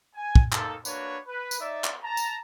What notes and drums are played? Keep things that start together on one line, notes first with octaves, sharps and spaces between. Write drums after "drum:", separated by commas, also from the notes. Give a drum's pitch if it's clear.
G#5
drum: kick
A#3 D#4 A4, drum: clap
A#3 D4 F#4 B4 C#5, drum: tambourine
B4
drum: tambourine
D#4 D5 E5
drum: clap
A5 A#5
drum: tambourine